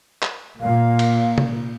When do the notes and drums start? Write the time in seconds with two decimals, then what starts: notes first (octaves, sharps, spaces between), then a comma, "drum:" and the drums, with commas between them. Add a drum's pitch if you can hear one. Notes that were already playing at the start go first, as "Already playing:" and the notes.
0.22 drum: clap
0.61 A#2 F5
0.99 drum: cymbal
1.38 drum: tom C3